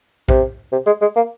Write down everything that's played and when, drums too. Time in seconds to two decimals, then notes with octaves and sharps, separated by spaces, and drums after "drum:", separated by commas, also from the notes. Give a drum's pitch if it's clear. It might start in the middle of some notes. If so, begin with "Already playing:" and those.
0.29 C3, drum: kick A#1
0.72 C3
0.86 G#3
1.01 G#3
1.16 A#3